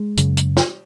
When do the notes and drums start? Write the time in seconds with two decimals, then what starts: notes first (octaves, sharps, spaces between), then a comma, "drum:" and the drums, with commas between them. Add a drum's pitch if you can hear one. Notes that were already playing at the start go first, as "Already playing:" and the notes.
Already playing: G#3
0.17 F#2 C#3, drum: hi-hat
0.37 drum: hi-hat
0.57 drum: snare